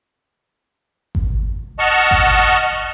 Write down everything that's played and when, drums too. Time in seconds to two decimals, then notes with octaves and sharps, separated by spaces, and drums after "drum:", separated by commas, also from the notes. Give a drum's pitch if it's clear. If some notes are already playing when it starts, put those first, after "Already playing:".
1.15 drum: kick G#1
1.79 D#5 F#5 A5 C#6 F6
2.11 drum: kick G#1